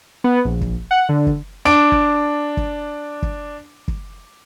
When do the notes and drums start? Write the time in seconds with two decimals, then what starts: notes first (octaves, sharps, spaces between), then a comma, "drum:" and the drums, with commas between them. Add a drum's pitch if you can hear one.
0.24 B3
0.45 A#1
0.61 drum: kick
0.91 F#5
1.09 D3
1.27 drum: kick
1.65 D4 D6 D7
1.92 drum: kick
2.57 drum: kick
3.22 drum: kick
3.88 drum: kick